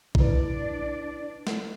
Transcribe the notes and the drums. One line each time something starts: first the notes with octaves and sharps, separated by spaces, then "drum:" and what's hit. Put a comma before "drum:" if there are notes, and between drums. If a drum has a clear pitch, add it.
D4 E4 B4 D5, drum: kick
drum: snare